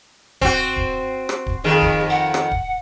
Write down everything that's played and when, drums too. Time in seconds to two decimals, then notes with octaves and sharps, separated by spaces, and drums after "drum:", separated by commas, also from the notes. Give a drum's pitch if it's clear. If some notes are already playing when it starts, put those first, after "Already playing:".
0.41 C4 F#4, drum: kick D1
0.76 drum: kick D1
1.29 drum: rim click
1.46 drum: kick D1
1.64 F2 D#3 G#4
1.81 drum: kick D1
2.10 F#5
2.34 drum: rim click
2.52 drum: kick D1